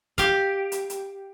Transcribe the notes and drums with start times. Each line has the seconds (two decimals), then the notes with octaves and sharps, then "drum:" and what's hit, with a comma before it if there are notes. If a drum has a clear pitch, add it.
0.18 G4 F5, drum: kick, hi-hat
0.72 drum: hi-hat
0.90 drum: hi-hat